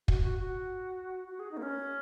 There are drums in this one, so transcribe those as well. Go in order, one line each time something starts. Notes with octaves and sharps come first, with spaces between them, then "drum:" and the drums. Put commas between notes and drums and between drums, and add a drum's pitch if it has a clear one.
F#4, drum: kick
F#4
F#4
F#4
G#4
D#4
A#3
C#4